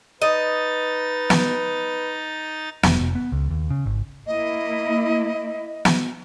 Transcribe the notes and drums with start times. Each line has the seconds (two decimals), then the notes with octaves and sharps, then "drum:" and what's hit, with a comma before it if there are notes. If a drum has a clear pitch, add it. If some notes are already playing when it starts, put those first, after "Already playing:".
0.22 D#4 B4 D#5 A6
1.30 drum: snare
2.83 F1, drum: snare
3.00 F1
3.15 B3
3.32 C#2
3.50 D#2
3.70 C#3
3.86 G#1
4.27 A#3 E4 D#5
5.85 drum: snare